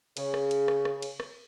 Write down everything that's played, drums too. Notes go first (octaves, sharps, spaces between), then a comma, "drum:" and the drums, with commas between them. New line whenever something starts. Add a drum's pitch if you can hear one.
C#3, drum: cymbal
drum: rim click
drum: cymbal
drum: rim click
drum: rim click
drum: cymbal
drum: rim click